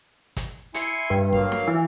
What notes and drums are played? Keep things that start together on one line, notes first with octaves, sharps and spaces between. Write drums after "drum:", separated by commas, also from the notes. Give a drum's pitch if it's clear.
drum: kick, hi-hat
E4 G#5 C6 C#7, drum: hi-hat
G2
F#3 A#3 F5, drum: kick
drum: snare
E3